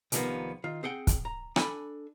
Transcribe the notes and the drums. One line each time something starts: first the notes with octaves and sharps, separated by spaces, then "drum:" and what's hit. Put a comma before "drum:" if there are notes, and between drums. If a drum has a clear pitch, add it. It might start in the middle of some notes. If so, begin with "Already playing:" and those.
C2 C3 D#3 F3 A#3 B3, drum: hi-hat
D#3 F4
C4 G#4 F#5 G5
drum: kick, hi-hat
A#5
D4 A4 G#5 B5, drum: rim click